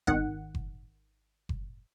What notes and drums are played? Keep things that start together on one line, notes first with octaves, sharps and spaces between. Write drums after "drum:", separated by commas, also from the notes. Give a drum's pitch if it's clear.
G#1 D#3 F#5, drum: kick F#1
drum: kick F#1
drum: kick F#1